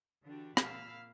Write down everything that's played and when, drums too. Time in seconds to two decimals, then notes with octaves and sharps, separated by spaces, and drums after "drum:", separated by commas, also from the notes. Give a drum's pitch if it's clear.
0.25 D3 E3 D4 F#4 G4
0.57 A#2 A#3 F5 B5 E6 F6, drum: rim click